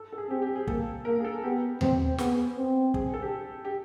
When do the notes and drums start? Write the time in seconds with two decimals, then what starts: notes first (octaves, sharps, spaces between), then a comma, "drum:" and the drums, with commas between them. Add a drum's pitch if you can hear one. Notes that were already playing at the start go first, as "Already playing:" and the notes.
Already playing: A4
0.13 A4
0.18 G#4
0.30 C4 G4
0.42 G4
0.55 G#4
0.67 A#3 A4, drum: kick
1.05 A#3 A#4
1.20 G#4
1.24 A4
1.43 B3 G4
1.81 C4, drum: tom D#2
2.18 B3 G#4, drum: snare
2.57 C4
2.94 G#4, drum: kick
3.14 A4
3.22 G4
3.65 G4